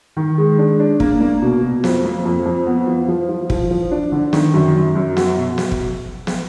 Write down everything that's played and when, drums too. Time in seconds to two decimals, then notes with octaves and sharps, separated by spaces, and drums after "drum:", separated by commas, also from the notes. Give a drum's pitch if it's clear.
0.17 D#3
0.38 G#3
0.59 D4
0.80 D4
1.00 A#3, drum: kick
1.21 A#3
1.42 B2
1.62 B2
1.84 F2, drum: snare
2.04 A#3
2.25 F2
2.46 F2
2.67 B3
2.87 F3
3.08 F3
3.29 F3
3.50 F3, drum: kick
3.71 F3
3.91 D4
4.12 D3
4.33 D#3, drum: snare
4.54 F#2
4.74 F#2
4.95 F#2
5.17 F#4, drum: snare
5.37 B2
5.58 drum: snare
5.72 drum: kick
6.27 drum: snare